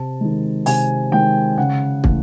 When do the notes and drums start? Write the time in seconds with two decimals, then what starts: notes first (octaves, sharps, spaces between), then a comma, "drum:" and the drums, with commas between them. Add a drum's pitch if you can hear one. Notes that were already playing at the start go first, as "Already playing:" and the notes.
Already playing: C3 A5
0.21 D#3 G#3
0.66 C3 G#5, drum: open hi-hat
1.11 D#3 G#3 G5
1.58 C#3 F#5
2.04 E3 A3, drum: kick